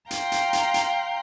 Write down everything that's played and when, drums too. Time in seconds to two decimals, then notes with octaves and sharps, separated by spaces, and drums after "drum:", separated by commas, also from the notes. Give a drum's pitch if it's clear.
0.11 F5 G5 A#5 C6 G6, drum: hi-hat
0.32 drum: hi-hat
0.53 drum: hi-hat
0.74 drum: hi-hat